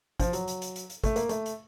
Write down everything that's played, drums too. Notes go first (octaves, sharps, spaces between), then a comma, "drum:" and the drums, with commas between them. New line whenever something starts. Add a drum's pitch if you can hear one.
F3, drum: kick, hi-hat
F#3, drum: hi-hat
drum: hi-hat
drum: hi-hat
drum: hi-hat
drum: hi-hat
A3, drum: kick, hi-hat
A#3, drum: hi-hat
A3, drum: hi-hat
drum: hi-hat